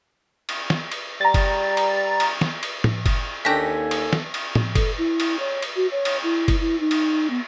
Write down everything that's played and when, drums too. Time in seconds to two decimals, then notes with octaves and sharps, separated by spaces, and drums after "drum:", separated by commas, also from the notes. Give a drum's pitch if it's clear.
0.49 drum: cymbal
0.70 drum: snare
0.92 drum: cymbal
1.21 G3 A#5 A6
1.34 drum: kick F#1, cymbal
1.77 drum: cymbal
2.20 drum: cymbal
2.41 drum: snare
2.63 drum: cymbal
2.84 drum: tom A2
3.06 drum: kick F#1, cymbal
3.45 D#2 C#4 D4 A4 G5 G#5 A#6 B6
3.91 drum: cymbal
4.13 drum: snare
4.34 drum: cymbal
4.55 drum: tom A2
4.75 A4, drum: kick F#1, cymbal
4.98 E4
5.20 drum: cymbal
5.39 C#5
5.62 drum: cymbal
5.76 F#4
5.91 C#5
6.05 drum: cymbal
6.23 E4
6.48 drum: kick F#1, cymbal
6.60 E4
6.80 D#4
6.91 drum: cymbal
7.30 B3